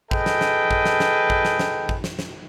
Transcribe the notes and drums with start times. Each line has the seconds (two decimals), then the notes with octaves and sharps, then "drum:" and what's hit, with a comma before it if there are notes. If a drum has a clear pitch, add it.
0.11 G#4 A4 B4 D#5 G5, drum: kick
0.26 drum: snare
0.41 drum: snare
0.71 drum: kick
0.85 drum: snare
1.00 drum: snare
1.30 drum: kick
1.45 drum: snare
1.59 drum: snare
1.89 drum: kick
2.04 drum: snare
2.19 drum: snare